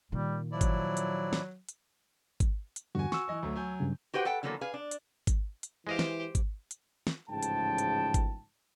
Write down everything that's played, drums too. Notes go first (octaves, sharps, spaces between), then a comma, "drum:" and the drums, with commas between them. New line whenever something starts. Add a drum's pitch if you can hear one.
A#2 D#3 G3
F3 F#3 E4 D5
drum: kick G#1, hi-hat
drum: hi-hat
drum: snare
drum: hi-hat
drum: kick G#1, hi-hat
drum: hi-hat
E2 G2 D3 F#4 G#5
C#6 E6, drum: snare
E3 D#5 G#5
D2 F#3 A3
F#3 G#5 G6
G2 C#3
F#4 G4 B4 C5 F#5 G5
A4 B4 F#5 G5
D3 E3 F#3 A#3 B3 A4
G#4 B4 F5
D4
drum: hi-hat
drum: kick G#1, hi-hat
drum: hi-hat
E3 G#3 G4 C5 D#5 F5
drum: snare
drum: kick G#1, hi-hat
drum: hi-hat
drum: snare
A1 G#2 C#3 F3 G5 A5
drum: hi-hat
drum: hi-hat
drum: kick G#1, hi-hat